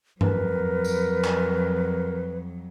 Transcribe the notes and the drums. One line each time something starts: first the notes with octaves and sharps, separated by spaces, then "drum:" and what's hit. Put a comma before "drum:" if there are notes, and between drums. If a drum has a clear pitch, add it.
F2 F#3 A#4 B4, drum: tom G2
drum: tambourine
drum: clap